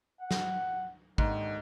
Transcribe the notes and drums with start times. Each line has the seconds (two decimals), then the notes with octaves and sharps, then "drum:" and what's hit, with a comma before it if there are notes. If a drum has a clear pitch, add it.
0.21 F#5
0.31 drum: snare
1.18 D#2 G#2 D3 D#3, drum: kick G#1